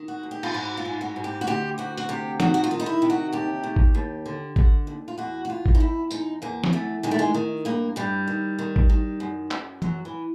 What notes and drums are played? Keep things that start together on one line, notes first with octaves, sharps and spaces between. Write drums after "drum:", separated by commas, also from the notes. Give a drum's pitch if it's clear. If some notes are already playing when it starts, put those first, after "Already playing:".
Already playing: D#3
F#4
G#2
G4
F4, drum: cymbal
G#2 F#4
F4
G#2
F#4
G#2
G4
F#4
D2 G4
D2 F#4
F#4, drum: hi-hat
C3 G4
D#3 F#4, drum: snare
F#4
F4
D#3
D#4
E4
C3
F#4
D#2 G4
D#2
drum: kick G#1
D#2
D3
D3, drum: kick G#1
D#2
F4
E2 F#4
F#4
E2 F4
drum: kick G#1
D#4
E2 E4
E2 D#4, drum: tambourine
E2 A#3
drum: snare
E2 A3
D#3 G#3
A3
G#3
D#3
G2 A#3
G2 G3
D#3
D#3
drum: kick G#1
D#3
F#2
F#2, drum: clap
F#2 F#3, drum: tom
E3